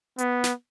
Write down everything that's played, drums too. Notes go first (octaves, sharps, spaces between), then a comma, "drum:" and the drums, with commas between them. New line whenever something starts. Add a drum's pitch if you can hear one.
B3, drum: hi-hat
drum: snare